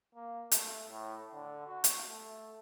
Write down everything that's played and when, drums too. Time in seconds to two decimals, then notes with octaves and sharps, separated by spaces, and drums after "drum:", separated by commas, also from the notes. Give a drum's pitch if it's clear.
0.15 A#3
0.51 A3, drum: hi-hat
0.89 A2
1.34 D3
1.67 F#4
1.84 drum: hi-hat
2.08 A3